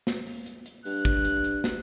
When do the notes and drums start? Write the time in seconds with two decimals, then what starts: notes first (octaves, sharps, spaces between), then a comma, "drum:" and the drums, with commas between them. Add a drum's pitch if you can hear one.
0.07 drum: snare
0.27 drum: open hi-hat
0.46 drum: hi-hat
0.66 drum: hi-hat
0.85 G2 F#6, drum: open hi-hat
1.05 drum: kick, hi-hat
1.25 drum: hi-hat
1.44 drum: hi-hat
1.64 drum: snare